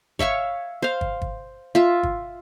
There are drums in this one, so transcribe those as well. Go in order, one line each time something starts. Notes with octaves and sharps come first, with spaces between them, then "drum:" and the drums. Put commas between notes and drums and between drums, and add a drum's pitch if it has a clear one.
C#5 E5 F5 C#6, drum: kick
C5 F5
drum: kick
drum: kick
F4 E5
drum: kick